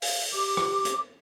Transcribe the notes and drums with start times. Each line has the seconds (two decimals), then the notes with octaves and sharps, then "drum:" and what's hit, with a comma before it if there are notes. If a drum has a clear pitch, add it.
0.02 F5, drum: open hi-hat
0.34 G4 D6
0.57 drum: rim click
0.85 drum: hi-hat